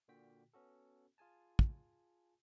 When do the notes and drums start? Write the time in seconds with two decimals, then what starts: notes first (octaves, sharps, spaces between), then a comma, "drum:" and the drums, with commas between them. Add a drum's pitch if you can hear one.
0.08 A#2 D3 F#4 G5 B6
0.54 B3 C#4 F#4 A4
1.18 F4 G#4 G#5 A5
1.59 drum: kick